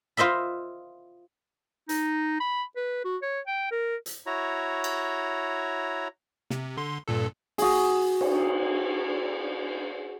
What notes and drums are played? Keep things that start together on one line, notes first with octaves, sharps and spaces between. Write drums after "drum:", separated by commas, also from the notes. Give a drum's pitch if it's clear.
F4 C5 D#5 E5 B5
D#4, drum: hi-hat
B5
B4
F#4
C#5
G5
A#4
drum: hi-hat
E4 F#4 C#5 A#5
drum: cymbal
C3, drum: snare
D3 C6
G2 A#2 A4
F#4 G#4, drum: open hi-hat
drum: cymbal